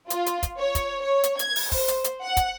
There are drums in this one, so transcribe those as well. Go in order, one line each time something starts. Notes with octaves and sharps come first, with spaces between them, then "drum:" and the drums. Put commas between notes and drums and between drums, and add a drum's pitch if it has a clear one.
F4, drum: hi-hat
drum: hi-hat
drum: kick, hi-hat
C#5
drum: kick, hi-hat
C#5
drum: hi-hat
G#6, drum: hi-hat
drum: open hi-hat
C5, drum: kick, open hi-hat
drum: hi-hat
drum: hi-hat
F#5
drum: kick, hi-hat